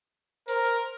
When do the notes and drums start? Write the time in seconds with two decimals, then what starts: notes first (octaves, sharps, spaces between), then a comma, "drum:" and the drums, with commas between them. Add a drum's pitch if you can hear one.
0.48 A#4 C5, drum: hi-hat
0.64 drum: hi-hat